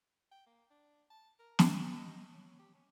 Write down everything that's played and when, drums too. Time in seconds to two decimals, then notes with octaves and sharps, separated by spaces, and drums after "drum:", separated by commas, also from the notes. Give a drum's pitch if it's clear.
0.32 G5
0.47 A#3
0.70 D4
1.10 A5
1.39 A#4
1.59 drum: snare
1.74 C6
1.99 D#5
2.34 C#5
2.59 G4
2.75 C#4